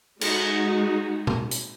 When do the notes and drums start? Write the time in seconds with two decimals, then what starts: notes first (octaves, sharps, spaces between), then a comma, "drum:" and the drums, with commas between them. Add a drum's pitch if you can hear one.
0.21 G#3 D#4 F#4, drum: cymbal
1.27 drum: tom B2
1.51 drum: hi-hat